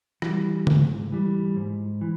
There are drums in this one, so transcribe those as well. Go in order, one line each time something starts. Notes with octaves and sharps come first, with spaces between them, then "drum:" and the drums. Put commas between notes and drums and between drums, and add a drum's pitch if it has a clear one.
E3 G3, drum: rim click
G#2, drum: tom C#3
E3 G3
G#2
E3